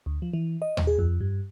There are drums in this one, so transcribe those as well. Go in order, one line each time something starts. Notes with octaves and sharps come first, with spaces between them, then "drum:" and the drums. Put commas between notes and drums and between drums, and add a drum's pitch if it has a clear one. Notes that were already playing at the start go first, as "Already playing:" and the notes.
D2
F3
E3
D#5
drum: tom D#2
G#4
F2
G2